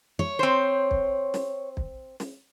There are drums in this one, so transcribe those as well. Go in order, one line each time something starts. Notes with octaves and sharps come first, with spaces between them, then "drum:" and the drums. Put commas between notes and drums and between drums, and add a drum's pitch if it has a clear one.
C#5
C4 C5
drum: kick
drum: snare
drum: kick
drum: snare